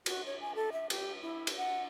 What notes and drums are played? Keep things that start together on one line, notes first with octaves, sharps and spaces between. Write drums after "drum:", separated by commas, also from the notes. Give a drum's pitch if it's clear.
F#4, drum: cymbal
C#5
G#5
A4
E5
G4, drum: cymbal
E4
drum: cymbal
F#5